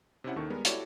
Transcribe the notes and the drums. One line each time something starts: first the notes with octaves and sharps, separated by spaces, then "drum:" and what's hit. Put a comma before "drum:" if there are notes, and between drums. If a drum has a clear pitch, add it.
C3 C4 C#4 E4 F#5
D#2 D#3 A4 C#6
G3 G#3 B3 A#4
E4 F#4 G4 A4 C#5 D5, drum: hi-hat